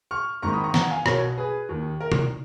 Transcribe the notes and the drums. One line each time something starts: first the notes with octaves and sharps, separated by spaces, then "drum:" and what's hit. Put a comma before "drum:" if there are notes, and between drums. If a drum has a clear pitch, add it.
C#6 F6
G#1 G#2 D#3 A#5 C#6
B5 D#6
A#5 C#6
F#5 A#5, drum: snare
F5 G#5
B1 B2 A#4 C#5, drum: rim click
G#4 B4
D#2 D#3
A#4
A#4, drum: tom C3